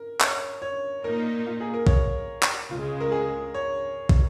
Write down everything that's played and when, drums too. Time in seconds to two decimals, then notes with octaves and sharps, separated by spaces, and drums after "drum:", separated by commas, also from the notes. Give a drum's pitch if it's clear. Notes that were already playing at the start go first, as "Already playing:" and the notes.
Already playing: A#4
0.21 C#5, drum: clap
0.62 C#5
1.04 A#2 A#3 D#4 A#4
1.47 F4
1.61 G#4
1.74 A#4
1.87 C#5, drum: kick
2.43 drum: clap
2.70 C#2 C#3 G#3 F4
3.00 A#4
3.12 G#4
3.54 C#5
4.09 drum: kick